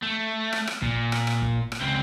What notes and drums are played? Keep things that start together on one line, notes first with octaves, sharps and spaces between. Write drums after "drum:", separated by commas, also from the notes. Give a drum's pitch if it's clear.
A3
drum: rim click
drum: rim click
A#2, drum: kick
drum: rim click
drum: rim click
drum: kick
drum: rim click
C#2 C4